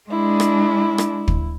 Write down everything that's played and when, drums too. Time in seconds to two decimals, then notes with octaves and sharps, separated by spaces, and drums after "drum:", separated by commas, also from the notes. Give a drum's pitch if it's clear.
0.10 G#3 D4 E4
0.40 drum: rim click
0.98 drum: rim click
1.28 drum: kick